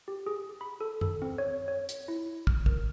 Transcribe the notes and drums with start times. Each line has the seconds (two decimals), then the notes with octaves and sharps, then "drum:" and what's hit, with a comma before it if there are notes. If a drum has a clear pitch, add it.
0.08 G4
0.26 G#4
0.61 B5
0.81 A4
1.01 A4, drum: tom F#2
1.22 C4
1.38 C#5
1.68 C#5
1.89 drum: hi-hat
2.08 E4
2.47 F6, drum: kick
2.66 A#4, drum: kick